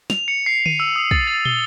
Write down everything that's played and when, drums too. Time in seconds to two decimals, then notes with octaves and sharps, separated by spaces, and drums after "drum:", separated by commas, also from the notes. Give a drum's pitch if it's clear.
0.10 F7, drum: snare
0.28 C#7
0.46 C7
0.66 D#7, drum: tom D3
0.80 E6
0.96 D#6
1.11 A6, drum: kick
1.27 A6
1.45 G7, drum: tom